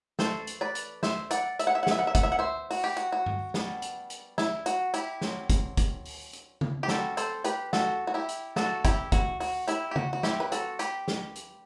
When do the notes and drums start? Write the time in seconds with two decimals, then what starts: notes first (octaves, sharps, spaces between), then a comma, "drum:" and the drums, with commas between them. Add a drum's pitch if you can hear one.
0.19 E3 A3 D4 A4 C5, drum: snare
0.47 drum: hi-hat
0.61 B4 D5
0.75 drum: hi-hat
1.03 C5 E5, drum: snare
1.31 D5 F#5, drum: hi-hat
1.59 E5, drum: hi-hat
1.67 F#5
1.75 E5
1.83 F#5
1.87 E3 B3 D4 E5, drum: snare
1.99 F#5
2.07 E5
2.15 F#5, drum: kick, hi-hat
2.23 E5
2.32 F#5
2.39 C5 E5
2.71 F#4, drum: open hi-hat
2.84 G4
2.97 F#4, drum: hi-hat
3.12 F#4
3.26 drum: tom G2
3.54 G3 B3 D4, drum: snare
3.82 drum: hi-hat
4.10 drum: hi-hat
4.38 E4, drum: snare
4.66 F#4, drum: hi-hat
4.94 E4 G4, drum: hi-hat
5.21 F#3 C4, drum: snare
5.50 drum: kick, hi-hat
5.77 drum: kick, hi-hat
6.05 drum: open hi-hat
6.33 drum: hi-hat
6.61 drum: tom C#3
6.83 G4
6.88 G3 C4 F#4 A4, drum: snare
7.17 A4 C5, drum: hi-hat
7.44 G4 B4, drum: hi-hat
7.73 F#4 A4, drum: snare
8.07 F#4
8.14 E4 G4
8.29 drum: hi-hat
8.56 E3 A3 D4 F#4 A4, drum: snare
8.85 E4 G4, drum: kick, hi-hat
9.12 F#4, drum: kick, hi-hat
9.40 F#4, drum: open hi-hat
9.68 E4 G4, drum: hi-hat
9.91 G4
9.96 F#4, drum: tom C#3
10.13 F#4
10.23 G3 C4 E4 G4, drum: snare
10.40 B4
10.52 F#4 A4, drum: hi-hat
10.79 G4 B4, drum: hi-hat
11.08 drum: snare
11.36 drum: hi-hat